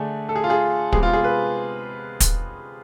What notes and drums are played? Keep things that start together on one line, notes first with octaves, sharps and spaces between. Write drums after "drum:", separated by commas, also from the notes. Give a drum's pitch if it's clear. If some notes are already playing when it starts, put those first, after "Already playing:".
Already playing: D3 A3 G#4
A4
G#4
F4
G#4
C3 G#3 B3 G#4, drum: kick
F4
G#4
B4
drum: kick, hi-hat